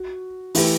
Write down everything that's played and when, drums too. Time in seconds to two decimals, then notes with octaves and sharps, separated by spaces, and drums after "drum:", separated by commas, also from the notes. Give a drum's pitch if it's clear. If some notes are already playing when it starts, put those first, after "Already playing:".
Already playing: F#4
0.55 E3 A3 E4 G4 B4, drum: open hi-hat